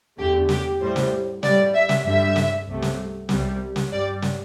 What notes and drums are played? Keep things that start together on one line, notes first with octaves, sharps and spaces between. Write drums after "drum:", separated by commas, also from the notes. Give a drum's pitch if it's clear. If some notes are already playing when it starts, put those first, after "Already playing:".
E2 D3 A3 G4
G4, drum: snare
A2 G3 C5
drum: snare
A2 G3 D5, drum: snare
E5
drum: snare
G2 D3 G3 E5
drum: snare
C2 C3 A3
drum: snare
C2 C3 G3, drum: snare
drum: snare
G2 G3 D5
drum: snare